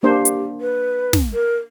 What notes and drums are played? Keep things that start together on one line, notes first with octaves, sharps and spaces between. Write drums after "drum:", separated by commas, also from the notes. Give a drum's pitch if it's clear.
A#3 D4 G4 C5
drum: hi-hat
B4
drum: snare
A#4